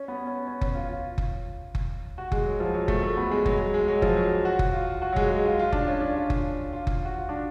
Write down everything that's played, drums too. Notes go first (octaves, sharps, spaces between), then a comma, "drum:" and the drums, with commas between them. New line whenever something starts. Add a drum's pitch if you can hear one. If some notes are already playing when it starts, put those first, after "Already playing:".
Already playing: C#4
B3
C#4
C#4
C#4, drum: kick F#1
F4
F4
drum: kick F#1
drum: kick F#1
F#4
G#3, drum: kick F#1
F#3
F3
F#3
A3, drum: kick F#1
A3
B3
G#3
F#3, drum: kick F#1
G#3
G#3
F#3
F3, drum: kick F#1
F#3
F#4
drum: kick F#1
F4
F#4
F#3
G#3, drum: kick F#1
G#3
F4
F4
D4, drum: kick F#1
C#4
D4
F4
drum: kick F#1
F4
drum: kick F#1
F#4
F4
D4